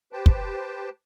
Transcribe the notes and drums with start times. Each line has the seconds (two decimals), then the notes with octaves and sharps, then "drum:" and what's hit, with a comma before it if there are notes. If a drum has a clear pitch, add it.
0.13 G4 B4 C5 G5 A5
0.26 drum: kick